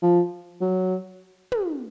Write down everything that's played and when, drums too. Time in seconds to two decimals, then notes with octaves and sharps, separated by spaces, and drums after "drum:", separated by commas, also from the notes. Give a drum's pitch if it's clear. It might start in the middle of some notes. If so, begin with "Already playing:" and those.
0.02 F3
0.61 F#3
1.52 drum: tom